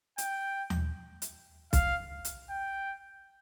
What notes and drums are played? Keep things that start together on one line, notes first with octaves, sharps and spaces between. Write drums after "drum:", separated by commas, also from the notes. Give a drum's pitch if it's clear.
G5, drum: hi-hat
drum: tom D#2
drum: hi-hat
F5, drum: kick B1, hi-hat
drum: hi-hat
G5